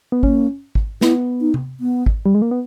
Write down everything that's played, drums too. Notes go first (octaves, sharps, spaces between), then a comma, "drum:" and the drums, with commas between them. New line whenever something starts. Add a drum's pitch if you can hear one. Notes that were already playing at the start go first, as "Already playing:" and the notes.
B3
A#3 C#4, drum: kick G#1
drum: kick G#1
B3 E4, drum: snare
D#4
drum: tom C3
B3
drum: kick G#1
G3
G#3
A#3
B3